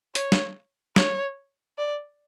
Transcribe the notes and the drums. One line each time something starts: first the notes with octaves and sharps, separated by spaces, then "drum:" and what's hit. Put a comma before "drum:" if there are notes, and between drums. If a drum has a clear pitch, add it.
C#5, drum: hi-hat
drum: snare
C#5, drum: snare
D5